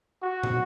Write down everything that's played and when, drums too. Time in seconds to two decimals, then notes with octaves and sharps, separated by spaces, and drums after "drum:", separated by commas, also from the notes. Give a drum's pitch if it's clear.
0.23 F#4
0.43 drum: tom